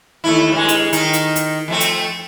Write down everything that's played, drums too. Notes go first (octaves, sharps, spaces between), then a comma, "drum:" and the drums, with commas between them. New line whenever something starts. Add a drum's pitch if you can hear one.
D#2 A3 E4
G2 G#3
drum: hi-hat
D#3 D#4, drum: hi-hat
drum: hi-hat
drum: hi-hat
F2 A3 C4
drum: hi-hat